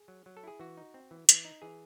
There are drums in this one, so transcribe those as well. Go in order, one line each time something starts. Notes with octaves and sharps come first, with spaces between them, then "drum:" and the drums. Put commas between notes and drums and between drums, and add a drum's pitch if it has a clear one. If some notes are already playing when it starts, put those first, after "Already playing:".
Already playing: G#4
F#3
F#3
A4
E4 G#4
E3 F#4
D#4
C4
E3
E3, drum: hi-hat
D#4
E3 G#4